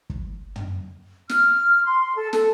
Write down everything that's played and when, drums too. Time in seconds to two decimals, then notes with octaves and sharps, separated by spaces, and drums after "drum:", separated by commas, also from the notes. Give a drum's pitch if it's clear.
0.10 drum: kick
0.56 drum: tom
1.29 F6, drum: snare
1.84 C6
2.16 A4
2.33 A4, drum: snare